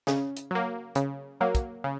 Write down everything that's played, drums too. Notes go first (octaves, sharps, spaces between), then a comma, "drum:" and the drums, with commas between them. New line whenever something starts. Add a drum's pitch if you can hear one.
C#3, drum: snare
drum: hi-hat
F#3 A#3
C#3, drum: hi-hat
F#3 A#3
drum: kick, hi-hat
C#3